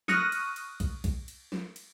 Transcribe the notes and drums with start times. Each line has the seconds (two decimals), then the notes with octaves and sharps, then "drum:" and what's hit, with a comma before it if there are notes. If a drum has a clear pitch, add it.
0.08 C#6 D#6 F6 F#6 A#6, drum: snare
0.32 drum: cymbal
0.56 drum: cymbal
0.80 drum: kick B1, cymbal
1.04 drum: kick B1, cymbal
1.28 drum: cymbal
1.52 drum: snare
1.76 drum: cymbal